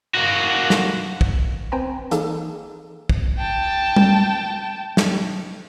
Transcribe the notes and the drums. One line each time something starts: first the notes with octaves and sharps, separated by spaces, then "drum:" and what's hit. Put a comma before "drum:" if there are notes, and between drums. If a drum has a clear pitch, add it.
A#3 F#4
drum: snare
drum: kick
C4 B4 C5 G5 G#5 A#5
E3 A#3 D#4 G#4 A4, drum: hi-hat
drum: kick
G5 A5
drum: tom G3
drum: snare